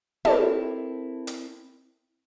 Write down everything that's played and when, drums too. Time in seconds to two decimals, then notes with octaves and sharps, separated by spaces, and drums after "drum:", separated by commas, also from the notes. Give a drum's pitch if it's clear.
0.25 C4 E4 G4 A4 A#4 A5, drum: tom
1.27 drum: hi-hat